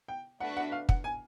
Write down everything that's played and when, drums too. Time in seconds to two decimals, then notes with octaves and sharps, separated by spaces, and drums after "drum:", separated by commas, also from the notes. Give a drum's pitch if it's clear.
0.08 G5
0.40 A3 D4 F#4 B4 E5 F#5
0.57 F#5
0.72 F5
0.89 F#5, drum: kick
1.04 G#5